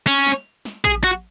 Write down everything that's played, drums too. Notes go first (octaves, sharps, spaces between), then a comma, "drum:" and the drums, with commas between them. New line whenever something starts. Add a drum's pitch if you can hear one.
C#4
drum: snare
drum: snare
G#4, drum: kick A1
F#4